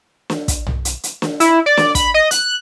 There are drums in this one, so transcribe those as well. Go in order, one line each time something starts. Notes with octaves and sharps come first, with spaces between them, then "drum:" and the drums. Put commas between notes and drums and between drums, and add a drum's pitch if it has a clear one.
drum: snare
drum: kick, hi-hat
drum: tom
drum: hi-hat
drum: hi-hat
drum: snare
E4, drum: hi-hat
D5
drum: snare
B5, drum: kick, hi-hat
D#5
F#6, drum: hi-hat